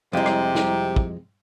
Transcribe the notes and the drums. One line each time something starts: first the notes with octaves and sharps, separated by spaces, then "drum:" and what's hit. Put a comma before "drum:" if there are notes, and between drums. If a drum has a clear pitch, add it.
F2 C3 G3 G#3 E4 G4 A#5
drum: rim click
drum: snare
drum: kick